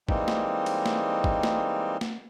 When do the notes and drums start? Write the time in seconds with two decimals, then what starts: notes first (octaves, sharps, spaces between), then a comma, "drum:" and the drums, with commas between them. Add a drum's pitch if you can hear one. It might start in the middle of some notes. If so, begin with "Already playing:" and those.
0.09 E3 G3 G#3 A#3 C4 D#4, drum: kick
0.28 drum: snare A#3
0.66 drum: cymbal
0.86 drum: snare A#3
1.24 drum: kick
1.43 drum: snare A#3
2.01 drum: snare A#3